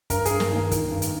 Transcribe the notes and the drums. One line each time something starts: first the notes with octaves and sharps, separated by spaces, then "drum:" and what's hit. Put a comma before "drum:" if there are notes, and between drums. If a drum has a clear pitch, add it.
G2 A#4, drum: kick, hi-hat
G#4, drum: hi-hat
G2
A#3, drum: snare
D#3 A#3
D#3, drum: kick, hi-hat
G2
drum: hi-hat